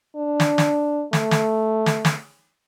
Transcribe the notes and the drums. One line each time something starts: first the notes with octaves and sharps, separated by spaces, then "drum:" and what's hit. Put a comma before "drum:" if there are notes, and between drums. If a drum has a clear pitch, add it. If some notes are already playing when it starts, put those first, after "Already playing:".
D4
drum: snare
drum: snare
A3, drum: snare
drum: snare
drum: snare
drum: snare